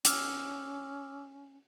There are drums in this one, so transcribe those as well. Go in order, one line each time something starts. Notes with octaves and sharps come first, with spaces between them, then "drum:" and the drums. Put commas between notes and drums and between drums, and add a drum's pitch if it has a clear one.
C#4 D6 E6 F6, drum: hi-hat